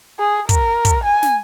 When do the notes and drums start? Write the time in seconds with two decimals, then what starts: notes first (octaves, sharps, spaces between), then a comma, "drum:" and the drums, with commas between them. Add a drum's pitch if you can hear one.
0.19 G#4
0.49 A#4, drum: kick, hi-hat
0.85 drum: kick, hi-hat
1.04 G#5
1.23 drum: snare